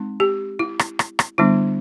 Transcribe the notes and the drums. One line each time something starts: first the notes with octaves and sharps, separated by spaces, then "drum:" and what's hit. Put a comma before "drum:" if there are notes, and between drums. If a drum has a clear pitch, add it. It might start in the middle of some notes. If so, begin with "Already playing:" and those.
Already playing: G#3 C4 D#4
G4
E4
drum: rim click
drum: rim click
drum: rim click
D3 G3 B3 D4 E4